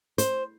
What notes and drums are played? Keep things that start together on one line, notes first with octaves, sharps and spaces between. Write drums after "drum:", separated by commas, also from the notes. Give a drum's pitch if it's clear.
C5, drum: hi-hat